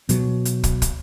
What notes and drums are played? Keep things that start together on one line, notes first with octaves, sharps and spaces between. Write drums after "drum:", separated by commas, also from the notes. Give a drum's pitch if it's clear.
B2 F#3, drum: hi-hat
drum: hi-hat
drum: kick, hi-hat
drum: kick, hi-hat